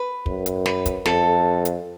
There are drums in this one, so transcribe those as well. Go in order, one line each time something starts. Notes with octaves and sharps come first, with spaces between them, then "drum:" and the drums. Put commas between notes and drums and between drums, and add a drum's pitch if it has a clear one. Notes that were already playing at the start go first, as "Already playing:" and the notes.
Already playing: B4
F#2, drum: kick
drum: hi-hat
B4, drum: snare
drum: kick, hi-hat
F2 A4, drum: snare
drum: hi-hat